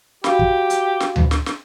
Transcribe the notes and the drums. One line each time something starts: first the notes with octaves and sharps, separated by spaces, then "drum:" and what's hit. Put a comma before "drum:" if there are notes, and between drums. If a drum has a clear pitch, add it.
F#4 G4 F5 B5, drum: snare
drum: kick
drum: hi-hat
drum: snare
drum: tom D2
drum: snare
drum: snare